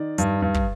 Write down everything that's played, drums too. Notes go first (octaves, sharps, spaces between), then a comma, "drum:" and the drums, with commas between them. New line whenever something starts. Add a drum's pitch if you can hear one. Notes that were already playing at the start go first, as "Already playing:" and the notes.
Already playing: D#3 D5
G2, drum: hi-hat
G2
drum: kick